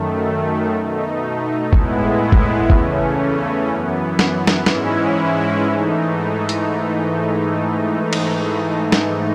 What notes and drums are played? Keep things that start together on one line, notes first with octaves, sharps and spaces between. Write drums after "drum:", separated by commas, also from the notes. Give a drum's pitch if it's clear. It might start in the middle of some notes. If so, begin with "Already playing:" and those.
Already playing: F#2 D#3 A3
B2 A3 D#4
A2 G#3 B3 E4, drum: kick G1
drum: kick G1
E2 C#3 E3 A3 C#4, drum: kick G1
F#2 E3 B3
drum: snare
drum: snare
G#2 E3 G#3 C#4 E4, drum: snare
G#2 E3 A3 D#4
drum: hi-hat
drum: cymbal
drum: snare